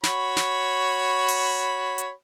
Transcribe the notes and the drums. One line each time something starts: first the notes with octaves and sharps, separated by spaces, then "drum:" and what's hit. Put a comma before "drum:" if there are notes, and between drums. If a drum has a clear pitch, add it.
F#4 C#5 B5, drum: snare
drum: snare
drum: open hi-hat
drum: hi-hat